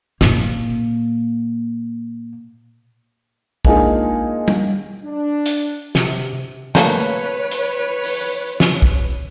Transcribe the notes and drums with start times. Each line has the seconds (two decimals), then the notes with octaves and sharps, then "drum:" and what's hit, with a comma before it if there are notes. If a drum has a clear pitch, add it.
0.21 A#2 A#3, drum: snare
3.65 G#3 A#3 D4 D#4 F4 G#4, drum: kick
4.48 drum: tom
5.04 D4
5.46 drum: hi-hat
5.95 C3 F#4, drum: snare
6.75 A3 A#3 A4 B4 C#5, drum: snare
7.51 drum: hi-hat
8.04 drum: open hi-hat
8.60 drum: snare
8.82 drum: kick